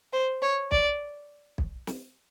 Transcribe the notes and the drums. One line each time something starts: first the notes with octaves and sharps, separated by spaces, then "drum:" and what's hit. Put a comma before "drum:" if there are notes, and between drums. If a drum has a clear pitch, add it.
C5
C#5
D5, drum: kick B1
drum: kick B1
drum: snare